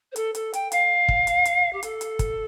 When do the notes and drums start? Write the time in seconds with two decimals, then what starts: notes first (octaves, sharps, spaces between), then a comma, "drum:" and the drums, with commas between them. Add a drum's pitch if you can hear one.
0.12 C5
0.16 A4, drum: hi-hat
0.35 A4, drum: hi-hat
0.53 G5, drum: hi-hat
0.72 F5, drum: hi-hat
1.09 drum: kick
1.27 drum: hi-hat
1.45 drum: hi-hat
1.73 G4
1.83 A4, drum: hi-hat
2.01 drum: hi-hat
2.19 drum: kick, hi-hat